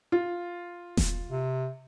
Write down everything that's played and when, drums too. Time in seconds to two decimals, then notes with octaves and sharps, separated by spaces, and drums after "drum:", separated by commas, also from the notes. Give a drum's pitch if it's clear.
0.12 F4
0.97 drum: snare E1
1.29 C3